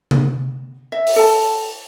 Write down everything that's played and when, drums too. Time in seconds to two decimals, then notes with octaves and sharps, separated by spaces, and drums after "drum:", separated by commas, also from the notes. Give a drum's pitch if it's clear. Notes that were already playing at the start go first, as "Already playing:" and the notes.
0.11 drum: tom C3
0.92 E5
1.07 drum: open hi-hat
1.16 A4 A5